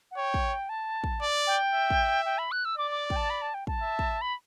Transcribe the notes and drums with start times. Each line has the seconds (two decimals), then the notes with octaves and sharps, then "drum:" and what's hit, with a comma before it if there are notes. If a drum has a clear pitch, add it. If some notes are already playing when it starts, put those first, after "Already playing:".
0.11 F#5
0.17 C#5 G5
0.34 drum: kick
0.69 A5
1.04 drum: kick
1.21 D5
1.47 G5
1.73 E5
1.90 drum: kick
2.25 G5
2.38 B5
2.52 F#6
2.65 E6
2.77 D5 D6
2.91 D6
3.10 G5, drum: kick
3.16 A5
3.30 B5
3.42 A5
3.54 G5
3.67 A5, drum: kick
3.82 E5
3.99 drum: kick
4.21 B5